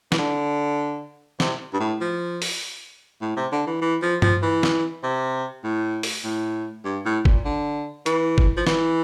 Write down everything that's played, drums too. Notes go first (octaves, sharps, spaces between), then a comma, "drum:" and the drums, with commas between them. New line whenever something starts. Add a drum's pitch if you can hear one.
E3, drum: snare
D3
C3, drum: snare
G2
A2
F3
drum: open hi-hat
A2
C3
D3
E3
E3
F3
F3, drum: tom G2
E3
drum: snare
C3
A2
drum: open hi-hat
A2
G2
A2
A#2, drum: kick G1
D3
E3, drum: hi-hat
drum: kick G1
F3
E3, drum: snare